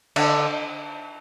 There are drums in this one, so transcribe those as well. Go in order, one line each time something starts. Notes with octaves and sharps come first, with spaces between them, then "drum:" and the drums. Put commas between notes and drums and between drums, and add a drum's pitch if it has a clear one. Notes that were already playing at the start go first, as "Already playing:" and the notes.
D3, drum: cymbal